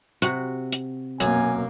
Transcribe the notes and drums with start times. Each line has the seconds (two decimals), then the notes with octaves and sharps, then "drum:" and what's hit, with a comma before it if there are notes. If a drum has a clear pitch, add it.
0.22 C3 F#4, drum: hi-hat
0.73 drum: hi-hat
1.20 F#2 B2 A#3 G#5, drum: hi-hat